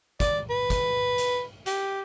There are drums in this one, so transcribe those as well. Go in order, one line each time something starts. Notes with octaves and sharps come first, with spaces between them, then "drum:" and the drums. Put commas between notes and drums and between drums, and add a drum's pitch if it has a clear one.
D5, drum: kick, hi-hat
B4
drum: kick, hi-hat
drum: hi-hat
G4, drum: hi-hat